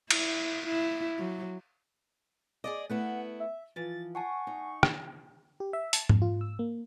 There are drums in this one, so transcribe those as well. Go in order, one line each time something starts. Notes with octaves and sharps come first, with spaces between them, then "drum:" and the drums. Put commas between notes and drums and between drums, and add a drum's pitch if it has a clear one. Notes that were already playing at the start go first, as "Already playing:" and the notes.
E4, drum: cymbal
E4
F#3
G#4 D5 D#5 D6
A3 B3 E4 F#5
E5
E3 F3 A6
F#5 G#5 A5 C#6
D#4
drum: rim click
G4
E5
A5, drum: hi-hat
F2, drum: tom G#2
F4
E6
A#3